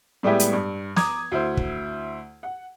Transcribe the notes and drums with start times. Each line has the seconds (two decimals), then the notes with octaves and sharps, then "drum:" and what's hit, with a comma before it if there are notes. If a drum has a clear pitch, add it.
0.23 A2 G3 G#3 B3 E4 G4
0.40 drum: hi-hat
0.53 G2
0.96 A#5 D6 D#6 G#6, drum: snare
1.32 D2 E4 C5
1.57 drum: kick
2.43 F#5